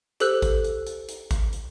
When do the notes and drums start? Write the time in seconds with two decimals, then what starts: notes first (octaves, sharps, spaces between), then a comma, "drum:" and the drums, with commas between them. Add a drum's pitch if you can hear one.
0.20 G4 A4 C5 E6 F#6 F#7, drum: hi-hat
0.42 drum: kick G#1, hi-hat
0.64 drum: hi-hat
0.87 drum: hi-hat
1.09 drum: hi-hat
1.31 drum: kick G#1, hi-hat
1.53 drum: hi-hat